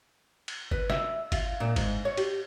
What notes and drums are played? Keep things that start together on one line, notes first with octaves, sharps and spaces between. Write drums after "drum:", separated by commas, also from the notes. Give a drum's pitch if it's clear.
drum: cymbal
B4, drum: kick G1
E5, drum: snare
F4, drum: kick G1, cymbal
A#2
G#2, drum: kick G1, cymbal
C#5
G4, drum: cymbal